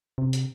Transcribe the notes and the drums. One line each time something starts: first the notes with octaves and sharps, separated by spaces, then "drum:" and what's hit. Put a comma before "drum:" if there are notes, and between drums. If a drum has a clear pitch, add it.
C3
drum: hi-hat